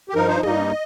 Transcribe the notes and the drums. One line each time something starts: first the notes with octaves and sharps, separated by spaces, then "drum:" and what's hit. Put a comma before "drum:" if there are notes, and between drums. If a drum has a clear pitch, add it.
G4
G2 F3 D#4 A#4
C5
G2 G3 A#3 D#4 D#5, drum: tom